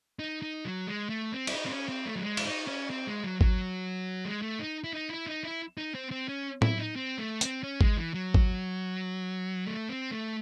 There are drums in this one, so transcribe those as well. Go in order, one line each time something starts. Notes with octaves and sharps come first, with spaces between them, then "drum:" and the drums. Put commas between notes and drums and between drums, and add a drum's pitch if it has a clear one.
D#4
D#4
F#3
G#3
A3
C4
E4, drum: cymbal
D#4
C4
C#4
C4
A3
F#3
G#3
E4, drum: cymbal
D#4
C#4
C4
G#3
F#3
F#3, drum: kick G#1
G#3
A3
D#4
E4
D#4
E4
D#4
E4
D#4
C4
C4
C#4
E4, drum: tom A2
D#4
C4
A3
C4, drum: hi-hat
C#4
G#3, drum: kick G#1
E3
F#3
drum: kick G#1
A3
C4
A3